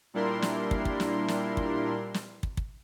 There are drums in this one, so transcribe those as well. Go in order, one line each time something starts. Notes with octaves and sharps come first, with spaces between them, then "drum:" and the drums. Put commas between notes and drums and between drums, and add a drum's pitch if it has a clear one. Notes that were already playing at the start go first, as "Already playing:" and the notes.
A#2 G3 D4 E4 A#4 C6
drum: snare
drum: kick
drum: kick
drum: snare
drum: snare
drum: kick
drum: snare
drum: kick
drum: kick